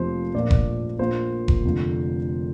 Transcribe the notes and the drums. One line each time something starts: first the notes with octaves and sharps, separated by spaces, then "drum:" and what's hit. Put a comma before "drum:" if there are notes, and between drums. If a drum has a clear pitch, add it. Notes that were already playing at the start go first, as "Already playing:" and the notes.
Already playing: F1 F2 C3 F3 A#3 C5
A#1 A#2 F3 A#3 D5
drum: kick F1
A#1 A#2 A#3 C5
drum: kick F1
F1 F2 D3 A#3